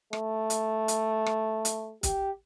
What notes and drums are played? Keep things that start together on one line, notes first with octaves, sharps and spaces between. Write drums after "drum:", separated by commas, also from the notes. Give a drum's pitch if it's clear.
A3, drum: rim click
drum: hi-hat
drum: hi-hat
drum: rim click
drum: hi-hat
G4, drum: kick, hi-hat